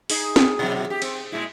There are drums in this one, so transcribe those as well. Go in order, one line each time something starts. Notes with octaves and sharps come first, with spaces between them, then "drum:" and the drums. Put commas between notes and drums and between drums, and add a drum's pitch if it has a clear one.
D#4 G#4, drum: open hi-hat
drum: snare
B2 F#3
G4
C4, drum: cymbal
A#2 G#3 E4